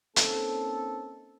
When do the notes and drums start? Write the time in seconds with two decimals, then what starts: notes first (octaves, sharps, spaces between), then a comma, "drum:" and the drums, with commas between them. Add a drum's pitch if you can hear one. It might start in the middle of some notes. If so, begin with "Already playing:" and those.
0.16 A#3 C4 C#4 D#4 A4, drum: hi-hat